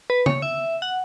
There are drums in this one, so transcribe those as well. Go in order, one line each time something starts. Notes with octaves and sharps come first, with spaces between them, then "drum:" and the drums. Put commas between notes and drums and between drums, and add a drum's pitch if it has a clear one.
B4
C#5, drum: tom
E5
F#5